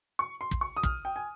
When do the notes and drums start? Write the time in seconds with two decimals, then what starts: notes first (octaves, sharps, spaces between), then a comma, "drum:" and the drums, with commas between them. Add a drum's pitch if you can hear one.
0.19 C#6
0.41 C6
0.51 drum: kick
0.61 C#6
0.77 D#6
0.83 F6, drum: kick
1.05 G5
1.16 G#5